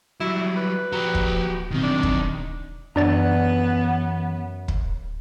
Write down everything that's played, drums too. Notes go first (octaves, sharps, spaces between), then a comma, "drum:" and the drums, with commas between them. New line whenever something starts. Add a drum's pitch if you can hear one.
F#3 G3 E4
B4
F3 F#4 G4 A#5
drum: kick
B1 D#3 C4
D4
drum: kick
F#2 E3 B3 D4 C#5 D5 A#5 A6
drum: kick